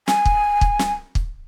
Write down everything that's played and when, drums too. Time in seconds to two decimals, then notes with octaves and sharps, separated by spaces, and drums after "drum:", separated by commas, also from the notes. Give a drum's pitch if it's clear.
0.08 G#5, drum: snare
0.25 drum: kick
0.61 drum: kick
0.79 drum: snare
1.15 drum: kick